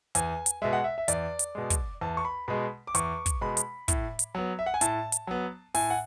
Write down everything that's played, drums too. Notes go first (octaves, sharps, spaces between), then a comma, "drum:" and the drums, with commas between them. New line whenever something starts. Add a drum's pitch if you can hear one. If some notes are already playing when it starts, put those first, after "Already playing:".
E2 G#5, drum: hi-hat
drum: hi-hat
B2 G#3 E5
F#5
E5
E5
E2 D5, drum: hi-hat
drum: hi-hat
B2 G#3
drum: kick, hi-hat
E2 A5
C#6
B5
B2 G#3 B5
D6
E2 C#6, drum: hi-hat
drum: kick, hi-hat
B2 G#3 B5
drum: hi-hat
A2, drum: kick, hi-hat
drum: hi-hat
F#3 B3
E5
F#5
G#5
A2 A5, drum: hi-hat
drum: hi-hat
F#3 B3
A2 G#5, drum: open hi-hat
F#5